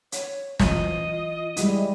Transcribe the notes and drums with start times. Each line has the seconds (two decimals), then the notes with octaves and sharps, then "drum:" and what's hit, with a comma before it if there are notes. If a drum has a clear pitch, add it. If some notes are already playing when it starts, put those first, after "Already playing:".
0.12 C#5, drum: hi-hat
0.59 E3 F4 D#5, drum: snare
1.57 G3 G#3 E4 G4, drum: hi-hat